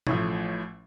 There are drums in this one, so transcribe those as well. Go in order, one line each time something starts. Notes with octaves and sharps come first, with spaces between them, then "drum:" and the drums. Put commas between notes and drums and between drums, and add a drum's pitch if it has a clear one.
A1 A2 F3, drum: tom B2